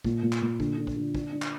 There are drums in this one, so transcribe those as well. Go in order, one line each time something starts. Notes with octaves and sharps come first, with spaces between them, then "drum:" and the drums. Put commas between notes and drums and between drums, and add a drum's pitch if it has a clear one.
A#2, drum: kick
A#2
drum: clap
A#2
D3, drum: kick
D3
drum: kick
D3
D4, drum: kick
D4
drum: clap